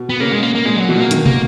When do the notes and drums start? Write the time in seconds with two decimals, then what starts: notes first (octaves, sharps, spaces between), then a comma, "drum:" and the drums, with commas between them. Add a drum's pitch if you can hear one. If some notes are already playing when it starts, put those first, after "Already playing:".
Already playing: B2
0.09 B3
0.20 C#3 A#3
0.32 G#3
0.43 A#3
0.55 A#3
0.65 A#2 G#3
0.77 F#3
0.89 B2 E3
0.99 A#3
1.11 D#3, drum: hi-hat
1.26 A#3, drum: tom